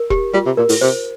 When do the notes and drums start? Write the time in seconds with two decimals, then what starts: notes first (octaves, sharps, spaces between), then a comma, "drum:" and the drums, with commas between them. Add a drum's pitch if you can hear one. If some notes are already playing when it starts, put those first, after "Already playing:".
Already playing: A#4
0.10 G4, drum: kick E1
0.34 G3 F4
0.46 C3
0.57 A#2 A#4
0.69 A2, drum: open hi-hat
0.81 C3 C5